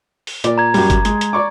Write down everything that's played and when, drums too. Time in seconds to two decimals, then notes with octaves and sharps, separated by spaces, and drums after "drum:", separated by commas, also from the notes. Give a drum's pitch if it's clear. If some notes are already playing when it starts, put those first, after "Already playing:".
0.27 drum: open hi-hat
0.44 A#2 D5, drum: hi-hat
0.58 A#5 G#6
0.74 F#2 G3, drum: open hi-hat
0.90 drum: kick G1, hi-hat
1.05 G#3, drum: hi-hat
1.21 drum: hi-hat
1.33 D5 C#6 D6